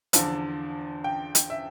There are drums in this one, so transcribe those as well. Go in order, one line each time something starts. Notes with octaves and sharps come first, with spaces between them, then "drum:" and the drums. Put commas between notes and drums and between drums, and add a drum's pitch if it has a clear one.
E2 D3 F3 A5, drum: hi-hat
G5
drum: hi-hat
E5